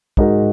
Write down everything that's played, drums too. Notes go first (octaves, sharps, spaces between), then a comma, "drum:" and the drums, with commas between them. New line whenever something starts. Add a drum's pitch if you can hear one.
G#2 G#3 D#4 F#4 A#4, drum: kick